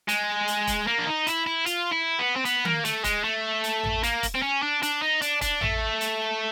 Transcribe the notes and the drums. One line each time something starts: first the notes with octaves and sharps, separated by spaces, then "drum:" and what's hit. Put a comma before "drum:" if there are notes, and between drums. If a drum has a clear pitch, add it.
G#3, drum: hi-hat
drum: hi-hat
drum: kick, hi-hat
A#3
D4
D#4
E4, drum: hi-hat
E4
F4, drum: hi-hat
E4
B3
C4
B3, drum: hi-hat
A#3, drum: tom D#3
A3, drum: hi-hat
G#3, drum: kick, hi-hat
A3
drum: hi-hat
drum: tom A1
A#3, drum: hi-hat
drum: kick, hi-hat
C4
C#4
D4
D4, drum: hi-hat
D#4
D4, drum: hi-hat
D4, drum: kick, hi-hat
A3, drum: tom A1
drum: hi-hat